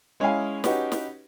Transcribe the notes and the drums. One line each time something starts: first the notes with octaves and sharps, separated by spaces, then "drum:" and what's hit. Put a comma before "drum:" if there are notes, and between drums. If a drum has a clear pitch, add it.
G#3 C#4 E4 G#4 F5 G#5
C#4 D#4 F#4 G4 B4, drum: snare
drum: snare